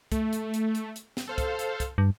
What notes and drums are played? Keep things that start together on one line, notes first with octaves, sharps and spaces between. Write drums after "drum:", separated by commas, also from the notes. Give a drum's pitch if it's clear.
A3, drum: kick, hi-hat
drum: hi-hat
drum: hi-hat
drum: hi-hat
drum: hi-hat
drum: snare
A4 C5 F5
drum: kick, hi-hat
drum: hi-hat
drum: kick, hi-hat
G2